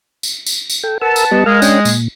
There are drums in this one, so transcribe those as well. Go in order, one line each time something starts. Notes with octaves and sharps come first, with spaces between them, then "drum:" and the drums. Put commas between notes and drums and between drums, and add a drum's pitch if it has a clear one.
drum: tambourine
drum: tambourine
drum: tambourine
A4 G5
A#4 B4 F#5 A5 E6
drum: tambourine
G3 B3 D#5
G#3 A#4 F5 F6
C#4 D4 G5, drum: tambourine
A#2, drum: tambourine